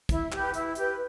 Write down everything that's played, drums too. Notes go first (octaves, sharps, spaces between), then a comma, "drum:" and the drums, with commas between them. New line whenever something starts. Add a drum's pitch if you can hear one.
E4, drum: kick, hi-hat
G4 B4, drum: clap
E4, drum: hi-hat
G4 B4, drum: hi-hat